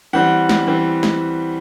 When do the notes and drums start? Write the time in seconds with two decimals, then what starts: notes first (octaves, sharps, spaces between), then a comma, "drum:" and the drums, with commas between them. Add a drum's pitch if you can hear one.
0.13 E3 G3 C4 F#5
0.49 drum: snare
0.67 E3 G3 C4
1.03 drum: snare